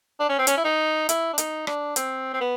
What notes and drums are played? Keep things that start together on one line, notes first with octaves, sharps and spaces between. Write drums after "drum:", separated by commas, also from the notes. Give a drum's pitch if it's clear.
D4
C#4
C4
C#4, drum: hi-hat
E4
D#4
E4, drum: hi-hat
D4
D#4, drum: hi-hat
D4, drum: rim click
C4, drum: hi-hat
C4
B3